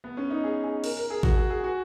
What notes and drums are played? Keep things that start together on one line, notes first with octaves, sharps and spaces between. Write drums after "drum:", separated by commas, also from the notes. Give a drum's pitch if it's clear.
B3
C#4
D#4
G#4
G#4
A#4, drum: cymbal
A#4
G#4
F#4, drum: kick A1
G#4
G#4
F#4